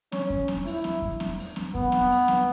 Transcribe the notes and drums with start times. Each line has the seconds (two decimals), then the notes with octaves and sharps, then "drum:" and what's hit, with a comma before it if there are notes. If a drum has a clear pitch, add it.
0.12 C#4, drum: snare C4
0.30 drum: kick E2, hi-hat
0.48 drum: snare C4
0.66 E4, drum: open hi-hat
0.84 drum: snare C4
1.02 drum: kick E2
1.20 drum: snare C4
1.38 drum: open hi-hat
1.56 drum: snare C4
1.75 B3, drum: kick E2, hi-hat
1.92 drum: snare C4
2.10 drum: open hi-hat
2.28 drum: snare C4